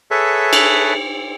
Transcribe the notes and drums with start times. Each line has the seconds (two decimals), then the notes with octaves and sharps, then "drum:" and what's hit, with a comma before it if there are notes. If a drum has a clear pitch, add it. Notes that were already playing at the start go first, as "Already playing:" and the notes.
0.11 G#4 A4 B4 C#5 E5
0.53 drum: cymbal